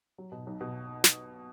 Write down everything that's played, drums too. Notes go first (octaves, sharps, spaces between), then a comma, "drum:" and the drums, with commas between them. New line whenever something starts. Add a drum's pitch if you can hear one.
F#3
B2
B1
B2
drum: snare